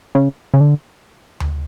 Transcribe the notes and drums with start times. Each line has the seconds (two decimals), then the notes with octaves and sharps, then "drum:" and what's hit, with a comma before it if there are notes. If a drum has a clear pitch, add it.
0.15 C#3
0.54 C#3
0.61 D3
1.40 drum: tom D2